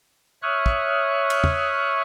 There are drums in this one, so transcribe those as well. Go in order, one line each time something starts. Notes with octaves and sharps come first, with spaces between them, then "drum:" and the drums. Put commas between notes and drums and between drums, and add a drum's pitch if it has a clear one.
C#5 E5 C#6 D#6 F6 F#6
drum: kick
drum: cymbal
drum: tom